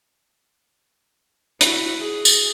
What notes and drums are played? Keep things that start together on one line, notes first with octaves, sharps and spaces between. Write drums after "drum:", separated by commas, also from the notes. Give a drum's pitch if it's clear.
E4 F#4, drum: hi-hat
G#4
drum: tambourine